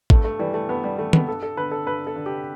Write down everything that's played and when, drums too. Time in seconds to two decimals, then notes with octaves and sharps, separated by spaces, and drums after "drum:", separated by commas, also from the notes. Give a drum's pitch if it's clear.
0.10 G2 A3, drum: kick
0.24 A3
0.39 E3 G3
0.54 A3
0.69 G2 B3
0.84 G3
0.99 E3 A3
1.13 B3, drum: tom D#3
1.28 G2 A4
1.43 A4
1.57 D3 B4
1.72 A4
1.87 G2 B4
2.07 A4
2.16 D3
2.26 G4